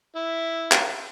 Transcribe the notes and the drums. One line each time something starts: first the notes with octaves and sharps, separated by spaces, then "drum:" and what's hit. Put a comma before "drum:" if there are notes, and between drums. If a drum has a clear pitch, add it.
E4
drum: clap